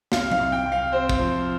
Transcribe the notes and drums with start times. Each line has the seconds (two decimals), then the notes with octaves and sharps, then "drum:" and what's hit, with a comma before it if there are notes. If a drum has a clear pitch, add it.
0.12 C2 F5, drum: snare
0.32 F5, drum: tom F#3
0.39 C2
0.52 G5
0.65 C2
0.72 F5
0.92 C4 C5
1.09 drum: kick
1.19 F3